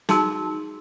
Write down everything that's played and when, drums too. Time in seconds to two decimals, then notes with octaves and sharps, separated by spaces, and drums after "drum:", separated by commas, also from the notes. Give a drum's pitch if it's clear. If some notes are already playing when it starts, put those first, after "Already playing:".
0.09 D#4 F#4 G#4 A5 C6 E6, drum: snare